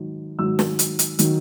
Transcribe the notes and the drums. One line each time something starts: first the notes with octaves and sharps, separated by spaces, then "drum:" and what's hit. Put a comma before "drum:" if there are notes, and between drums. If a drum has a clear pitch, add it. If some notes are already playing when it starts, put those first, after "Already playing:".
Already playing: G#2 D#3 F#3
G#2 D#3 F#3 E6
drum: snare
drum: hi-hat
drum: hi-hat
D#3 F#3, drum: hi-hat